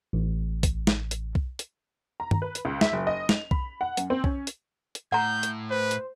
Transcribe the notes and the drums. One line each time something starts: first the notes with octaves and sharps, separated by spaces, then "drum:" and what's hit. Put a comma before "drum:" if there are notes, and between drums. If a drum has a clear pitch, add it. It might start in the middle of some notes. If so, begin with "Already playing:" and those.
A1
drum: kick B1, hi-hat
drum: snare
drum: hi-hat
drum: kick B1
drum: hi-hat
A#5
drum: tom
B4
drum: hi-hat
C#2
E5, drum: snare
F#1
D#5
F7, drum: snare
B5, drum: kick B1
F#5
F#2, drum: hi-hat
C4
C#4, drum: kick B1
drum: hi-hat
drum: hi-hat
A2 F#5 A#5 G6
drum: hi-hat
B4 C5
drum: hi-hat